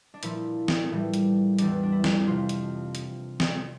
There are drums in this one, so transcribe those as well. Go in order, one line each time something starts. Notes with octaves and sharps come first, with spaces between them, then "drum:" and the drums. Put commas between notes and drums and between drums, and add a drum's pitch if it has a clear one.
D4
A#2 F3 E4, drum: hi-hat
drum: snare
A2 E3 G3
drum: hi-hat
E2 E3 G3 D4, drum: hi-hat
D4
E4
drum: snare
F2 C3 F3 F4
drum: hi-hat
drum: hi-hat
drum: snare